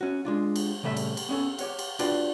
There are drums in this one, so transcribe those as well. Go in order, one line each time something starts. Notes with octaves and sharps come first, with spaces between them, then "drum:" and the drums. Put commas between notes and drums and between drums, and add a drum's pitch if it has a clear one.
C#4 F#4
G#3 D4 F4
drum: cymbal
A#2 C#3 G3 A3 E5 B5
drum: cymbal
drum: cymbal
B3 C#4 A4
G4 C#5 F#5, drum: cymbal
drum: cymbal
D4 F4 F#4 B4 D5 G5, drum: cymbal